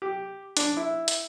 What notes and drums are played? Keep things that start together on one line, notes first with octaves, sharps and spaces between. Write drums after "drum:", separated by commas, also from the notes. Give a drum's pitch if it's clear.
G4
D4, drum: hi-hat
E4
drum: hi-hat